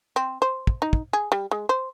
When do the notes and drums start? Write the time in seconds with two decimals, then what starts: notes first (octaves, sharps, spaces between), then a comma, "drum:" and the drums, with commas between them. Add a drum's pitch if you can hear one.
0.16 C4
0.42 C5
0.67 drum: kick
0.82 D#4
0.93 drum: kick
1.13 G#4
1.32 G3
1.51 G#3
1.69 C5